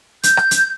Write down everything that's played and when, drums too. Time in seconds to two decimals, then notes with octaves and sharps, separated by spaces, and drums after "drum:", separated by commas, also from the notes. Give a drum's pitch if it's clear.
0.23 G6, drum: hi-hat
0.37 drum: rim click
0.51 drum: hi-hat